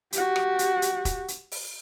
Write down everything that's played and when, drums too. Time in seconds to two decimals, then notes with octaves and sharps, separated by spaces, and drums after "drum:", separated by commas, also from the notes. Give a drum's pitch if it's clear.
0.12 F#4 G4, drum: hi-hat
0.36 drum: rim click
0.59 drum: hi-hat
0.82 drum: hi-hat
1.05 drum: kick E1, hi-hat
1.28 drum: hi-hat
1.52 drum: open hi-hat